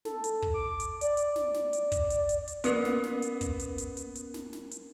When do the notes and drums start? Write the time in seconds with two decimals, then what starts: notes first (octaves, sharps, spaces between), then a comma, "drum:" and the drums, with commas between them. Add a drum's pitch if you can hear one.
0.05 A4, drum: snare
0.24 drum: hi-hat
0.42 drum: kick
0.54 D6
0.80 drum: hi-hat
1.01 D5, drum: hi-hat
1.17 drum: hi-hat
1.36 drum: snare
1.54 drum: snare
1.73 drum: hi-hat
1.92 drum: kick, hi-hat
2.10 drum: hi-hat
2.29 drum: hi-hat
2.48 drum: hi-hat
2.64 A#3 B3 C#4 A#4, drum: hi-hat
2.85 drum: snare
3.04 drum: snare
3.22 drum: hi-hat
3.41 drum: kick, hi-hat
3.59 drum: hi-hat
3.78 drum: hi-hat
3.97 drum: hi-hat
4.15 drum: hi-hat
4.34 drum: snare
4.53 drum: snare
4.71 drum: hi-hat